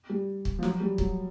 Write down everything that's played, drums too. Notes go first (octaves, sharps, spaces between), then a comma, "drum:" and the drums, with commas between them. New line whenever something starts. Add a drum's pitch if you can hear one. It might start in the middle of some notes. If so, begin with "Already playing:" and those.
G3
drum: kick
F3
F#3, drum: snare
G3
F#3, drum: kick